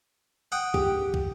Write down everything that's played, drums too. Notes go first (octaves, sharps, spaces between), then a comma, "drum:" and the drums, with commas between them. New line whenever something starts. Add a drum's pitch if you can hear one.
F#5 G5 D#6
G4, drum: kick
drum: kick